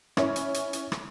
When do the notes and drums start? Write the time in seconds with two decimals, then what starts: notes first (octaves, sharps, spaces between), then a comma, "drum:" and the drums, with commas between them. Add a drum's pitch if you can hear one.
0.17 C#4 E4, drum: rim click
0.36 drum: hi-hat
0.54 drum: hi-hat
0.73 drum: hi-hat
0.92 drum: rim click